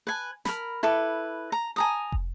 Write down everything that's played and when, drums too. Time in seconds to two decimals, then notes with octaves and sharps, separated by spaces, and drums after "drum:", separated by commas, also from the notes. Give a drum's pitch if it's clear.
0.07 B4 G#5
0.45 A#4 B5, drum: snare
0.83 E4 A4 B4 D6
1.52 A#5
1.76 G#5 A#5 D#6
2.12 drum: kick